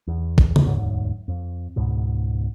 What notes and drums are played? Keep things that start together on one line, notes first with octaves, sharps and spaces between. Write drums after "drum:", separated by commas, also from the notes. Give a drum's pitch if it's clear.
E2
drum: kick
drum: tom C#3
E1 D2 G#2 F#3
F2
C#2 G#2 B2